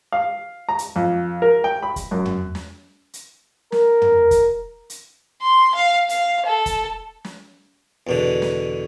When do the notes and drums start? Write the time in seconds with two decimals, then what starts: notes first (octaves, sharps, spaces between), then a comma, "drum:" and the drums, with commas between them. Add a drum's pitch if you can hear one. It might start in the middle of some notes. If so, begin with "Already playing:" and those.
0.12 F5
0.69 A#5
0.79 drum: hi-hat
0.96 F2
1.42 A#4
1.64 G5
1.82 B5
1.96 drum: kick, hi-hat
2.11 F#2
2.25 drum: tom
2.55 drum: snare
3.13 drum: hi-hat
3.72 A#4, drum: snare
4.02 drum: tom
4.31 drum: kick, hi-hat
4.90 drum: hi-hat
5.42 C6
5.75 F5
6.09 F5, drum: hi-hat
6.46 A4
6.66 drum: kick, hi-hat
7.24 drum: snare
8.07 E2 B2 D3
8.42 drum: snare